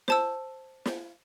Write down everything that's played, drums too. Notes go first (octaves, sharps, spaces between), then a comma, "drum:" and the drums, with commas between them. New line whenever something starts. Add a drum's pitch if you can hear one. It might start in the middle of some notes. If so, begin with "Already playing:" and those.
C5 A5 E6, drum: snare
drum: snare